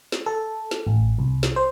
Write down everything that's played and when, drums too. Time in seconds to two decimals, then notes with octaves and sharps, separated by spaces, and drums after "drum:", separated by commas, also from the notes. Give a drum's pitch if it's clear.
0.12 drum: snare
0.26 A4
0.71 drum: snare
0.87 A1
1.19 C2
1.43 drum: snare
1.56 C5